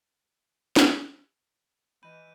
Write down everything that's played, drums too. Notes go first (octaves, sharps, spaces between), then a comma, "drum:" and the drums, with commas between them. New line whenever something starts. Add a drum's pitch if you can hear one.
drum: snare
E3 D#5 B5 G6 D#7